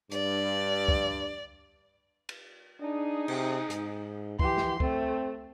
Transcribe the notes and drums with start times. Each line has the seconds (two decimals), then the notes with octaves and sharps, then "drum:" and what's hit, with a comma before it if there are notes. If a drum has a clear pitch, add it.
0.12 G2 D5, drum: hi-hat
0.88 drum: kick C2
2.29 drum: cymbal
2.81 D4 D#4 G#4
3.28 C3, drum: cymbal
3.70 G#2, drum: hi-hat
4.39 E3 G4 C6, drum: kick C2
4.57 drum: snare
4.80 A3 C4, drum: kick C2